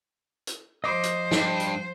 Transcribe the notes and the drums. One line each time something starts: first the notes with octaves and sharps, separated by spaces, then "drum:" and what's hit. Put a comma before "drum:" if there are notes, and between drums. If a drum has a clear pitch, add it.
drum: hi-hat
F3 C5 D#5 D6
drum: hi-hat
G2, drum: snare
drum: hi-hat